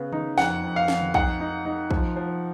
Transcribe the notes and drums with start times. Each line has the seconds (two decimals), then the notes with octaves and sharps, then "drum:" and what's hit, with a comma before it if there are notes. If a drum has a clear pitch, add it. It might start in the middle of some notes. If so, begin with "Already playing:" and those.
Already playing: C#3 B3
0.13 D#4, drum: tom D#3
0.38 F2 F#5, drum: snare
0.63 F2
0.76 F5
0.88 F2, drum: snare
1.01 drum: tom D3
1.14 D#4 F#5, drum: kick
1.40 D#4
1.65 D#4
1.91 F3, drum: kick
2.16 F3